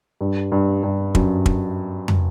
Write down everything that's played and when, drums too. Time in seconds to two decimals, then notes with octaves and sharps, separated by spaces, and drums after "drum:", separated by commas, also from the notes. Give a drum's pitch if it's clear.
0.21 G2
0.52 G2
0.83 G2
1.15 F#2, drum: kick
1.46 drum: kick
2.08 drum: tom